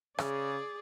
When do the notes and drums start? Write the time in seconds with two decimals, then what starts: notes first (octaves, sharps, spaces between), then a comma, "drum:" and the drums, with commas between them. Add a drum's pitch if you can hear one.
0.18 C#3 G#4 D5, drum: rim click